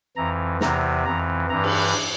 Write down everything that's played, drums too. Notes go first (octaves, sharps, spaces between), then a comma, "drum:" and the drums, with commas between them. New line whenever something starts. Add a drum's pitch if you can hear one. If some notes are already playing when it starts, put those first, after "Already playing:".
F2 E3 A#5
E2 C3 E3 A#5, drum: snare
F2 E3 A#5
G2 E3 A#5
drum: cymbal